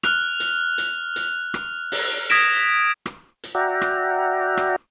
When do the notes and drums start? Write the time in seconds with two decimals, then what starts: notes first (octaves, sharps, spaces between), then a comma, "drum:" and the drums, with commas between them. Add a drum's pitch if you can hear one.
0.03 F6 F#6 F7, drum: rim click
0.40 drum: hi-hat
0.78 drum: hi-hat
1.16 drum: hi-hat
1.54 drum: rim click
1.92 drum: open hi-hat
2.30 D#6 G#6 A#6 B6 D7 E7, drum: hi-hat
3.06 drum: rim click
3.44 drum: hi-hat
3.55 F#4 D5 E5 F#5 G5 A#5
3.81 drum: rim click
4.57 drum: rim click